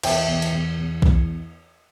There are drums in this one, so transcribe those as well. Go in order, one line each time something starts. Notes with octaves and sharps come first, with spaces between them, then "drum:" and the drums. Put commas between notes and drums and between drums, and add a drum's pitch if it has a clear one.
E2 E5 G5, drum: cymbal
E2
drum: hi-hat
E2
E2
E2, drum: kick B1